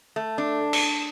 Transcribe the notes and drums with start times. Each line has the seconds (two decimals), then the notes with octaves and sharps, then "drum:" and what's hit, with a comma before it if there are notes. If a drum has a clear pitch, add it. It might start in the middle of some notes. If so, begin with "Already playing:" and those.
0.16 A3
0.38 D4
0.73 drum: cymbal